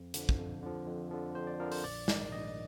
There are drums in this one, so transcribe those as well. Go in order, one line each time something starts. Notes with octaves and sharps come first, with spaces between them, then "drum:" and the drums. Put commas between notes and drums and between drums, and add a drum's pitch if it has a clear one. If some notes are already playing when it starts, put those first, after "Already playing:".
Already playing: F2
D3 F3, drum: hi-hat
drum: kick
F2
D3 F3
F2
D3 F3
F2 C5
D5
D3 F3 A#4
C5, drum: open hi-hat
A#1 D5
G#2 D#3, drum: snare
A#1 D#5